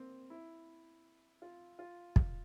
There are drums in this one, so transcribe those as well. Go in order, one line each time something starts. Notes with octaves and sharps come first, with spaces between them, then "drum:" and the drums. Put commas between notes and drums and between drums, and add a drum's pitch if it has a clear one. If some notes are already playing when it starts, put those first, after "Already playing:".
Already playing: A#3 C4
E4
F4
F4
drum: kick